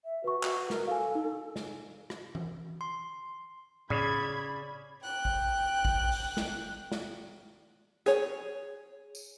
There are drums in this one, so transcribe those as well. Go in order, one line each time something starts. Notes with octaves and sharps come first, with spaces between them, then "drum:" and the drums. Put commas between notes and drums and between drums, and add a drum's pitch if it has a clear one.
E5
F#4 B4 C#6
F#4, drum: clap
A#4, drum: snare
A4 F5 G#5
D#4
drum: snare
drum: rim click
drum: tom E3
C6
C#3 D5 B5 G#6, drum: tom A2
G5 F#6
drum: kick A1
drum: kick A1
drum: open hi-hat
drum: snare
drum: snare
G#4 C#5, drum: hi-hat
drum: tambourine